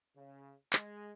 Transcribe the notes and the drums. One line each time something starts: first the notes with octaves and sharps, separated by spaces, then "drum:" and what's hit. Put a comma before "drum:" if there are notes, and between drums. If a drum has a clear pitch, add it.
C#3
G#3, drum: clap